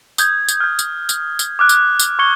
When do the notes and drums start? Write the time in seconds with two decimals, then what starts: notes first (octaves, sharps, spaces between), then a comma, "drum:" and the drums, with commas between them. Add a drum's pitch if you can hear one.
0.18 D#6 G6 G#6, drum: tambourine
0.49 drum: tambourine
0.60 F6 G6
0.79 drum: tambourine
1.09 drum: tambourine
1.39 drum: tambourine
1.59 D6 F6 F#6
1.69 drum: tambourine
2.00 drum: tambourine
2.19 C#6 G#6 C#7 G7